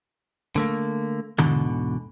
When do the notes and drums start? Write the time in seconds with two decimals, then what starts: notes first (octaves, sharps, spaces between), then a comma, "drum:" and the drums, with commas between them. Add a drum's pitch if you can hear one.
0.56 D3 A3 A#3
1.38 E2 G#2 B2 D3, drum: tom D3